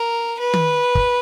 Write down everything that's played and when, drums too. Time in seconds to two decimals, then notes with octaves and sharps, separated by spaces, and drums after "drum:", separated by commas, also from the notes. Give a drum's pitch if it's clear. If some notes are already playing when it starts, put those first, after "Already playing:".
Already playing: A#4
0.39 B4
0.54 drum: tom D#3
0.95 drum: kick